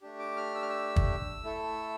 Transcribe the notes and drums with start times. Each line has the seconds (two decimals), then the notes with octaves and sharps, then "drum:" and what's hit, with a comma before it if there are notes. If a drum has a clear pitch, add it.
0.02 A3 D4 G4
0.19 D6
0.37 F6
0.55 E6
0.62 F6
0.69 E6
0.96 drum: kick
1.44 A3 E4 A4